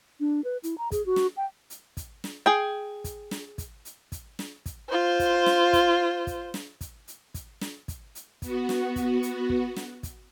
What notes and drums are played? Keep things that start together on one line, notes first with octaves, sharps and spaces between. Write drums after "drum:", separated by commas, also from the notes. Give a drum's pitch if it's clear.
D4
B4
E4, drum: hi-hat
A#5
G#4, drum: kick, hi-hat
F#4
drum: snare
G5
drum: hi-hat
drum: kick, hi-hat
drum: snare
G#4 G5
drum: kick, hi-hat
drum: snare
drum: kick, hi-hat
drum: hi-hat
drum: kick, hi-hat
drum: snare
drum: kick, hi-hat
F4 C5
drum: kick, hi-hat
drum: snare
drum: kick, hi-hat
drum: kick, hi-hat
drum: snare
drum: kick, hi-hat
drum: hi-hat
drum: kick, hi-hat
drum: snare
drum: kick, hi-hat
drum: hi-hat
B3 F#4, drum: kick, hi-hat
drum: snare
drum: kick, hi-hat
drum: hi-hat
drum: kick
drum: snare
drum: kick, hi-hat